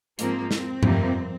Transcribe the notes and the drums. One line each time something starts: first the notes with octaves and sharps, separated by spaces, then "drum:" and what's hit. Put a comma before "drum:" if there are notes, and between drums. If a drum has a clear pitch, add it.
G#2 F3 A#3 C4, drum: hi-hat
C4, drum: snare
F2 C3 G3 A#3, drum: tom G2